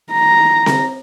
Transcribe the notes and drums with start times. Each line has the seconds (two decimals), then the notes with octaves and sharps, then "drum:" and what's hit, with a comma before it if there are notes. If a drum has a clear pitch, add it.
0.12 A#5
0.66 drum: snare C4